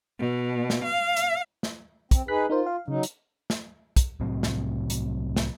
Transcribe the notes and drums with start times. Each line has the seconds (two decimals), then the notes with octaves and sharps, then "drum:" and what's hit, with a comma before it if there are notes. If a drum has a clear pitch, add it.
0.20 B2
0.70 drum: snare
0.84 F5
1.17 drum: hi-hat
1.63 drum: snare
2.11 C4, drum: kick, hi-hat
2.28 D#4 G#4 B4 F#6 B6
2.50 D#4 F4 A#4 C5
2.66 F5
2.88 C#3 F#3 D#4
3.03 drum: hi-hat
3.50 drum: snare
3.97 drum: kick, hi-hat
4.20 C2 A2 F#3 C4
4.43 drum: snare
4.90 drum: hi-hat
5.36 drum: snare